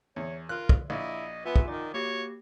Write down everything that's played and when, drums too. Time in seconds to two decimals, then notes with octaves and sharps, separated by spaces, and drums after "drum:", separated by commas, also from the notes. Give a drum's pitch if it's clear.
0.16 E2 C#5
0.49 F4 A#4 F#6
0.69 drum: kick
0.90 A#1 E4 D#5
1.45 B3 F4 E5 F#5 G#5
1.56 drum: kick
1.68 D#3 D#4 D5 D6
1.94 A#3 F#4 G4 C#5